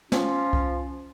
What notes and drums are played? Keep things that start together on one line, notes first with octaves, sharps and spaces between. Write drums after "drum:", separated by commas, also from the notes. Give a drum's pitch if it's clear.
F3 C#4 F4, drum: snare
drum: kick C2